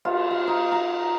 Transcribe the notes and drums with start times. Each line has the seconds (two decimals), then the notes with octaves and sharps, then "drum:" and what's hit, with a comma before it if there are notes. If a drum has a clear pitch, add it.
0.05 F4, drum: cymbal
0.31 F5
0.47 D#4
0.72 A#5